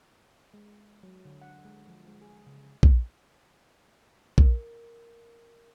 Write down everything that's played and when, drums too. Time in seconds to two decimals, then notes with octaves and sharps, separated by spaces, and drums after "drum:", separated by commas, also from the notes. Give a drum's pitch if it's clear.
0.54 G#3
1.03 F#3
1.25 D3
1.41 F#5
1.65 G#3
1.88 F3
2.08 G#3
2.21 G#4
2.47 C#3
2.83 drum: kick A#1
4.38 A#4, drum: kick A#1